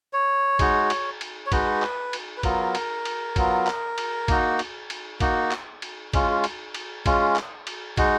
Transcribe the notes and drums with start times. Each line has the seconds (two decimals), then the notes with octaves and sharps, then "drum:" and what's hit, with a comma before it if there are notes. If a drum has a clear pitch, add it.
0.13 C#5
0.59 G#3 D#4 F#4, drum: kick, cymbal
0.90 drum: cymbal
1.21 drum: cymbal
1.46 C#5
1.52 G#3 D#4 F#4 B4, drum: kick, cymbal
1.82 drum: clap
2.13 drum: cymbal
2.37 B4
2.43 F#3 B3 F4 A#4, drum: kick, cymbal
2.75 drum: cymbal
3.05 drum: cymbal
3.36 F#3 B3 F4, drum: kick, cymbal
3.67 drum: clap
3.98 drum: cymbal
4.28 A#3 D#4 F#4, drum: kick, cymbal
4.59 drum: cymbal
4.90 drum: cymbal
5.20 A#3 D#4 F#4, drum: kick, cymbal
5.51 drum: clap
5.82 drum: cymbal
6.13 G#3 C#4 F4, drum: kick, cymbal
6.44 drum: cymbal
6.74 drum: cymbal
7.06 G#3 C#4 F4, drum: kick, cymbal
7.36 drum: clap
7.67 drum: cymbal
7.97 G#3 D#4 F#4, drum: kick, cymbal